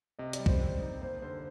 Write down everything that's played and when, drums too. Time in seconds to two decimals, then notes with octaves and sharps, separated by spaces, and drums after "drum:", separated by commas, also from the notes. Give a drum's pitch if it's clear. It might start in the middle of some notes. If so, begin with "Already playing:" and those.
0.19 C3 D#5
0.33 D5, drum: hi-hat
0.39 G3
0.46 C5, drum: kick
0.60 C4
0.81 D#4
1.02 A#3 C5
1.22 D3 C5